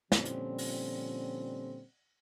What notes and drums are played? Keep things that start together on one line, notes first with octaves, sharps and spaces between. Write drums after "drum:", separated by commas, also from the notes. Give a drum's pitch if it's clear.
A#2 D3 F3 G3 C4 C#4, drum: snare
drum: hi-hat
drum: open hi-hat